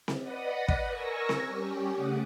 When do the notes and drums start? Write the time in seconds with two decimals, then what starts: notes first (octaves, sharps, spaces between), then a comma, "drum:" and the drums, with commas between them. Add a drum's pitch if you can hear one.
0.08 drum: snare C4
0.21 B4 D5 D#5 F#5 D#6
0.68 drum: kick
0.89 A#4 G#5 C#6 E6 A#6
1.29 drum: snare C4
1.46 G3 C#4 G4
1.93 C#3 A3 F#5 D6 D#6